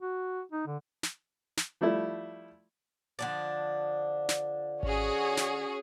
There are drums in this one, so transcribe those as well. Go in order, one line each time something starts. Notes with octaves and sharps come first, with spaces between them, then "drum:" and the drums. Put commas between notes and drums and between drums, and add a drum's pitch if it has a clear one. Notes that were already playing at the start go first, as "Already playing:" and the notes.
F#4
D#4
D3
drum: snare
drum: snare
F3 G3 A3 E4
D3 F3 D4
drum: snare
C#4 F#4 G#4, drum: kick G#1
drum: snare